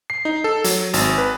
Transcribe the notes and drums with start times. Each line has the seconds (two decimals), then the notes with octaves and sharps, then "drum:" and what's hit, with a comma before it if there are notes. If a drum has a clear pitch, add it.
0.10 C7
0.25 D#4
0.44 A4
0.64 F#3, drum: hi-hat
0.93 G#1, drum: hi-hat
1.18 B4